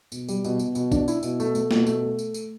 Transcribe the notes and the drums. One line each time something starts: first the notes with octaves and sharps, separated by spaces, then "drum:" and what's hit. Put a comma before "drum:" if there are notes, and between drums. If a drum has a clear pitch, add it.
B2, drum: tambourine
G3, drum: tambourine
B2, drum: tambourine
B2, drum: tambourine
B2, drum: tambourine
D4, drum: kick, tambourine
E4, drum: tambourine
B2, drum: tambourine
A3, drum: tambourine
A3, drum: tambourine
B2, drum: snare
A3, drum: tambourine
A3
drum: tambourine
drum: tambourine